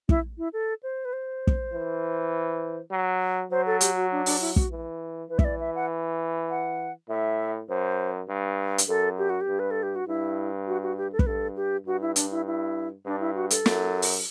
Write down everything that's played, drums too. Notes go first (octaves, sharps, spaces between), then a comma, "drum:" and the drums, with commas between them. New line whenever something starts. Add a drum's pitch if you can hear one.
E4, drum: kick
E4
A4
C5
B4
C5
drum: kick
E3
F#3
F#3 C5
A4
G4, drum: hi-hat
F#4
D4
D4, drum: open hi-hat
E4
F#4, drum: kick
E3
E3 B4
E5, drum: kick
D5
E5
F#5
F#5
A2 E5
F#2 C5
G2
drum: hi-hat
F#2 A4
G4
F#4
G4
G2
B4
A4
G4
F#4
G2 E4
F#4
F#4
G4
A4
B4, drum: kick
G2 A4
G4
G2 F#4
E4
D4, drum: hi-hat
E4
E4
G2 D4
E4
F#4
A4, drum: hi-hat
F#2, drum: snare
drum: open hi-hat